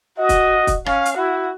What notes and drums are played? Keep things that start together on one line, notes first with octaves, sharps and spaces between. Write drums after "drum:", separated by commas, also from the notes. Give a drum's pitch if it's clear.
F#4 D#5
drum: kick, hi-hat
drum: kick, hi-hat
C#4 F5, drum: rim click
drum: hi-hat
E4 F#4